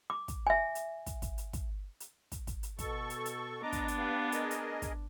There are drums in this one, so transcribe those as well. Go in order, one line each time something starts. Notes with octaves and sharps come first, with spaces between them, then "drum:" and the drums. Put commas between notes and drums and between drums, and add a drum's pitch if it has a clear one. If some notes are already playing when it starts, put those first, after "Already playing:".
D6
drum: kick, hi-hat
E5 G#5
drum: hi-hat
drum: kick, hi-hat
drum: kick, hi-hat
drum: hi-hat
drum: kick, hi-hat
drum: hi-hat
drum: kick, hi-hat
drum: kick, hi-hat
drum: hi-hat
B2 A4 C#6, drum: kick, hi-hat
drum: hi-hat
drum: hi-hat
B3 D4 D#5 A#5 D6
drum: kick, hi-hat
drum: hi-hat
G4 B4 F5
G#4 A#4 D#5, drum: hi-hat
drum: hi-hat
drum: kick, hi-hat